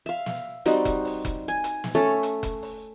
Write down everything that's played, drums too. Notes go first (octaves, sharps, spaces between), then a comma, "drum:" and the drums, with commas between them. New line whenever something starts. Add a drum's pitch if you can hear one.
E5 F5
drum: snare
G3 C4 D#4 F#4, drum: hi-hat
drum: kick F1, hi-hat
drum: open hi-hat
drum: kick F1, hi-hat
G#5
drum: hi-hat
drum: snare
A3 C#4 A4
drum: hi-hat
drum: kick F1, hi-hat
drum: open hi-hat